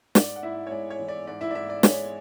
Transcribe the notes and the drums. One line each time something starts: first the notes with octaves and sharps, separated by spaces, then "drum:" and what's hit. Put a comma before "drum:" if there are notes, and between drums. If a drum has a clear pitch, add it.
G#2 D5, drum: snare
F#5
G#2 E4 E5
C#5
G#3 D5
C#5
E3
D5
G#2 D5
E4 E5
D5
G#2 E4 E5
D5
G#3 C#5, drum: snare